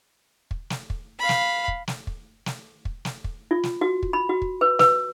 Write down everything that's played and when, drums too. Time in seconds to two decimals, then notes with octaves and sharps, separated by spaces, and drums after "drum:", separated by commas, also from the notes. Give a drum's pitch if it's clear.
0.51 drum: kick
0.70 drum: snare
0.90 drum: kick
1.19 F5 B5
1.29 drum: snare
1.68 drum: kick
1.88 drum: snare
2.07 drum: kick
2.46 drum: snare
2.85 drum: kick
3.05 drum: snare
3.24 drum: kick
3.51 F4
3.63 drum: snare
3.81 F#4
4.03 drum: kick
4.13 B5
4.29 F#4
4.42 drum: kick
4.61 B4
4.79 B4, drum: snare